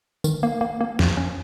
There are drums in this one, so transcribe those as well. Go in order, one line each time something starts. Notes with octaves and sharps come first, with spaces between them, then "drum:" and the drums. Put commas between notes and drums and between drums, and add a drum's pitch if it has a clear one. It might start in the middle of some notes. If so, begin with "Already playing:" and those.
D#3, drum: tambourine
A#3
A#3
A#3
F2, drum: snare
C#4